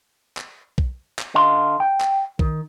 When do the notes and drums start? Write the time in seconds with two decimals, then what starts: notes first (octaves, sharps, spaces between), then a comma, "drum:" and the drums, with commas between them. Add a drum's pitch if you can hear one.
0.37 drum: clap
0.78 drum: kick B1
1.19 drum: clap
1.35 D3 D#5 F5 C6
1.80 G5
2.01 drum: clap
2.39 D#3, drum: kick B1